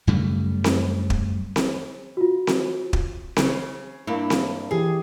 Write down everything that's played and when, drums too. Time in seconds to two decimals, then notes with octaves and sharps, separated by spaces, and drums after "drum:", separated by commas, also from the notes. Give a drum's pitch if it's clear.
0.07 F#2 C#3 G3 A3
0.64 drum: snare C4
1.10 drum: kick
1.56 drum: snare C4
2.17 F4 F#4
2.47 drum: snare C4
2.93 drum: kick
3.36 C#3, drum: snare C4
4.07 G2 A#3 D4 E4
4.30 drum: snare C4
4.71 E3 G4 G#4 E5